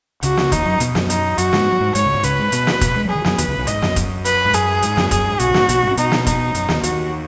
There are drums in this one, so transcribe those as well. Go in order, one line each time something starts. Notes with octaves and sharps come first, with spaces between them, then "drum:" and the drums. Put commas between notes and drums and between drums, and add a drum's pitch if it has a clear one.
C#2 C#3 F#4, drum: hi-hat
drum: snare
D#2 D#3 D#4, drum: kick F1, hi-hat
F#2 F#3
B2 B3, drum: hi-hat
F#2 F#3, drum: snare
D#4, drum: hi-hat
F#2 F#3 F#4, drum: hi-hat
G#2 G#3, drum: snare
F#3
G#2 G#3
G#2 G#3 C#5, drum: hi-hat
C#2 C#3
G#2
C#2 C#3 B4, drum: hi-hat
G#2 G#3
B2 B3, drum: hi-hat
drum: snare
B2 B3, drum: kick F1, hi-hat
G#3
F#3 G#4
D#3
F#2 F#3, drum: snare
D#2 D#3 B4, drum: hi-hat
C#2 C#3
B1 B2
G#2 D#5, drum: hi-hat
F#2, drum: snare
drum: kick F1, hi-hat
B4, drum: hi-hat
G#2
F#2 G#4, drum: hi-hat
G#2, drum: hi-hat
F#2, drum: snare
G#2
F#2 G#4, drum: kick F1, hi-hat
G#2
B1 B2 F#4, drum: hi-hat
B2
G#2, drum: snare
B1 B2, drum: hi-hat
G#2 G#3
C#4
B2 B3 D#4, drum: hi-hat
drum: snare
D#4, drum: kick F1, hi-hat
F#2 F#3, drum: hi-hat
D#2 D#3, drum: snare
D#2 D#3 F#4, drum: hi-hat